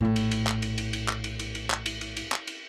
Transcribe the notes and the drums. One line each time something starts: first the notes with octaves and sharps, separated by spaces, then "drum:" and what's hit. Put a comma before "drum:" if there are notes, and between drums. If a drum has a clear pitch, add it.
A#1 A2
drum: cymbal
drum: cymbal
drum: clap
drum: cymbal
drum: cymbal
drum: cymbal
drum: clap
drum: cymbal
drum: cymbal
drum: cymbal
drum: clap
drum: cymbal
drum: cymbal
drum: cymbal
drum: clap
drum: cymbal